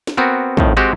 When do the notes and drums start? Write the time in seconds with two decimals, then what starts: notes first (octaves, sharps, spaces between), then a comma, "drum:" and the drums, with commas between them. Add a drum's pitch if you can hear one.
0.07 drum: snare
0.17 B3 C4 F#4 A#4
0.57 F2 A2 D#3, drum: kick
0.77 G#3 C4 F#4 G4